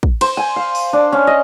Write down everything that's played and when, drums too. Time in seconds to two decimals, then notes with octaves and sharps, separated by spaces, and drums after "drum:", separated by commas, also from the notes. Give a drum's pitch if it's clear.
0.03 drum: kick
0.21 C5, drum: cymbal
0.37 G#5
0.56 F5
0.75 drum: open hi-hat
0.93 D4
1.12 C#4
1.27 D#5